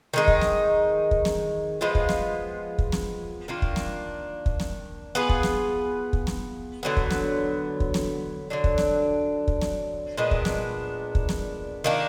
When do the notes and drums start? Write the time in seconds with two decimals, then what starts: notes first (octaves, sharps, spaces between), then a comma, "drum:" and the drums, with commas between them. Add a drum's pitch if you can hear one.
0.13 D#3 G#3 D#4
0.28 drum: kick
0.42 drum: snare
1.11 drum: kick
1.25 drum: snare
1.81 F3 G#3 B3 F4
1.95 drum: kick
2.09 drum: snare
2.78 drum: kick
2.92 drum: snare
3.48 D#3 A#3 D4 F4
3.62 drum: kick
3.76 drum: snare
4.46 drum: kick
4.60 drum: snare
5.15 B3 F4 G#4 B4
5.29 drum: kick
5.43 drum: snare
6.13 drum: kick
6.27 drum: snare
6.83 D3 F#3 B3
6.97 drum: kick
7.11 drum: snare
7.80 drum: kick
7.94 drum: snare
8.50 D3 F#3 D4
8.64 drum: kick
8.78 drum: snare
9.48 drum: kick
9.61 drum: snare
10.18 A#2 G#3 B3 D4
10.31 drum: kick
10.45 drum: snare
11.15 drum: kick
11.29 drum: snare
11.84 D#3 A#3 D4